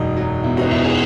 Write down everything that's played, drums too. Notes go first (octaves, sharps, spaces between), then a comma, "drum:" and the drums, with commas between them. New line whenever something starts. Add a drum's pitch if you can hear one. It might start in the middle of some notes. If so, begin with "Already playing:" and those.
Already playing: E1 F#2 D#4
F#3
B2 E4
D#4 F#4, drum: cymbal
E2 E4
E4 G#4